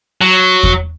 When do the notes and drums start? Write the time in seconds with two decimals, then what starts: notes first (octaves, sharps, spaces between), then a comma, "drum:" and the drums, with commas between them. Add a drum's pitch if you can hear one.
0.21 F#3
0.63 drum: kick E2